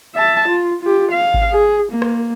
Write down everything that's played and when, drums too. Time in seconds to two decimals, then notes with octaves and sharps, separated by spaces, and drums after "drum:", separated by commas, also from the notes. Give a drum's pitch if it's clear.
0.15 E5 A5
0.48 F4
0.82 F4 G4
1.12 F5
1.34 drum: kick G#1
1.51 G#4
1.92 A#3
2.02 drum: rim click